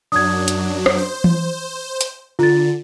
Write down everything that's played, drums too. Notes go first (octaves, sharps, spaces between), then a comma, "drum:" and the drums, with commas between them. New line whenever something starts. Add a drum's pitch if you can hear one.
F#2 F#3 D4 D#6 G#6
drum: hi-hat
drum: rim click
C5
drum: tom E3
drum: hi-hat
D3 F4 A6